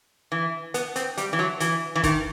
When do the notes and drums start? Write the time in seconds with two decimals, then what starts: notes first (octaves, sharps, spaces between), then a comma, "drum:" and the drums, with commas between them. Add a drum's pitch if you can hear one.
0.32 E3
0.74 B3, drum: hi-hat
0.96 C4, drum: hi-hat
1.18 G3, drum: hi-hat
1.33 E3
1.39 F#3
1.60 E3, drum: hi-hat
1.95 E3
2.03 D#3, drum: kick, hi-hat